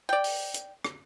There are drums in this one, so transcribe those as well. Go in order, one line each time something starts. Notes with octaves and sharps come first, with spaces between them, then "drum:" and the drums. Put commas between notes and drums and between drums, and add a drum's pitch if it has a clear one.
D5 G5
drum: open hi-hat
drum: hi-hat
drum: rim click